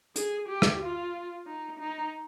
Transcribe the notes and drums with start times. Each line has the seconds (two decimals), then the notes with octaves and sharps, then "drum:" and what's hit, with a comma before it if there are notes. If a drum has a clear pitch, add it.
0.16 G#4, drum: hi-hat
0.48 G4
0.62 drum: rim click
0.82 F4
1.46 D#4
1.79 D#4